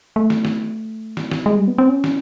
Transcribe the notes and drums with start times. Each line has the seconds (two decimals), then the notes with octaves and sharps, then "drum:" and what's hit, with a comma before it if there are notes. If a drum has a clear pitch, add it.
0.16 A3
0.30 drum: snare
0.45 drum: snare
1.17 drum: snare
1.31 drum: snare
1.46 G#3
1.56 G3
1.68 B3
1.78 C4
1.89 C#4
2.04 drum: snare